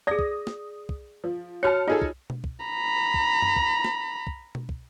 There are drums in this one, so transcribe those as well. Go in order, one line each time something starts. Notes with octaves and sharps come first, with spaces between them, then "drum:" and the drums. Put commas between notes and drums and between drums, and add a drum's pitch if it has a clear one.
G#4 D5 D#6 A#6
drum: kick
drum: snare
drum: kick
F3
F#4 C#5 A5 F6 C#7
D#4 F4 G#4 A4
drum: kick
drum: tom B2
drum: kick
A#5 B5
drum: kick
drum: tom F#2
drum: kick
drum: snare
drum: kick
drum: tom B2
drum: kick